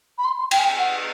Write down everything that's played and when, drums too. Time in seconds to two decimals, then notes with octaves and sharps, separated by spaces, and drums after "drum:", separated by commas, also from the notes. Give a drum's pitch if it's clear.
0.18 B5
0.25 C6
0.38 C6
0.51 G5, drum: cymbal
0.59 G#5
0.65 G5
0.78 F#5